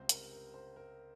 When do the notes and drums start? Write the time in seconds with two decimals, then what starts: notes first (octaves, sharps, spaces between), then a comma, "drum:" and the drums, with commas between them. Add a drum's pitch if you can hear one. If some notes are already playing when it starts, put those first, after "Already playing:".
Already playing: C#2 C3 G3 C4 C5
0.09 A#4, drum: hi-hat
0.32 A#4
0.54 C5
0.76 A#4